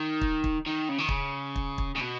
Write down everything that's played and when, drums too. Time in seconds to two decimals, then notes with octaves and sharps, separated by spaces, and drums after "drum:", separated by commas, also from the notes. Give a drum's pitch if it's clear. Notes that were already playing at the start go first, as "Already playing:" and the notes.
Already playing: D#3
0.21 drum: kick
0.44 drum: kick
0.66 D#3
0.89 C#3
0.98 D#3
1.09 C#3, drum: kick
1.56 drum: kick
1.78 drum: kick
1.96 C#3
2.00 B2